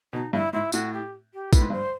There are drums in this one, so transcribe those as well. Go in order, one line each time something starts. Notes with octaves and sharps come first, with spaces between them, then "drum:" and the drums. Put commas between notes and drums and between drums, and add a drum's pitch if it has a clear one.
B2 D#4
G2 E4
G#2 E4
A2 F#4, drum: tambourine
G4
G4
A2 B4, drum: kick, tambourine
G#2
G2 C5